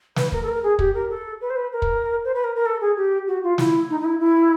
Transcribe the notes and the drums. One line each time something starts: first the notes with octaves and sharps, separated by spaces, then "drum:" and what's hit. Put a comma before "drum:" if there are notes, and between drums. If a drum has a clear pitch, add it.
B4, drum: snare
A#4, drum: kick
A4
A#4
G#4
G4, drum: kick
A#4
A4
B4
C5
B4
A#4
drum: kick
C5
B4
A#4
A#4
A4
G#4
G4
F#4
F4
E4, drum: snare
D#4
D#4
E4
E4